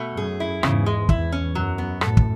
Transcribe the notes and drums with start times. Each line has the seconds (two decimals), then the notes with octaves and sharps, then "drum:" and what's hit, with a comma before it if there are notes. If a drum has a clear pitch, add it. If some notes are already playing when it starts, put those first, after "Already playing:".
Already playing: B2 A3
0.16 F#2 G#4
0.40 E4
0.63 E2 G#2 C#3, drum: rim click
0.86 G#3
1.09 E2 E4, drum: kick
1.32 C#4
1.55 F#2 F#3
1.78 B3
2.01 F#2 A2 A4, drum: rim click
2.17 drum: kick